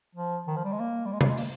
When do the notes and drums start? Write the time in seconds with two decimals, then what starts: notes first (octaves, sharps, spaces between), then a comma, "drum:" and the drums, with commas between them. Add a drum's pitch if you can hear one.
0.15 F3
0.48 D#3
0.56 F3
0.64 G3
0.72 G#3
0.80 A#3
1.06 G3
1.12 G#3
1.21 G3, drum: tom C3
1.29 G#3
1.38 A#3, drum: open hi-hat